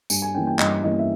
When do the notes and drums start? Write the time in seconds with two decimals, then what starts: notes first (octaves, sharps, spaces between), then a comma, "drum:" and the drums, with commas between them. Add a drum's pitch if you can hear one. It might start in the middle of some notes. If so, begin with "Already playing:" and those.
0.10 G2 G#5, drum: tambourine
0.22 G#5
0.34 E3 A#3 C#4 G5
0.47 G5
0.59 G2 D#5, drum: clap
0.84 E3 A#3 C#4 D#5
0.99 E5